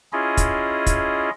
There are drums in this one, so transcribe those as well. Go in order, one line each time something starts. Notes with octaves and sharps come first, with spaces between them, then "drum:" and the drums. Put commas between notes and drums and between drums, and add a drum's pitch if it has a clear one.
C#4 E4 F4 G#4 D#5
drum: kick, hi-hat
drum: kick, hi-hat